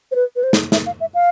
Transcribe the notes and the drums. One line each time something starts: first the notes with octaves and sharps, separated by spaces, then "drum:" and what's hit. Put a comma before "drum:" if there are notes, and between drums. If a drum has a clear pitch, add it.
C5
B4
B4
C5
drum: snare
E5, drum: snare
F5
E5
F5